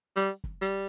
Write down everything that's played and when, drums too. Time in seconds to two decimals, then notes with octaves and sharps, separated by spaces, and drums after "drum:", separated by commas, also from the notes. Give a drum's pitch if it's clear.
0.16 G3, drum: hi-hat
0.44 drum: kick
0.62 G3, drum: hi-hat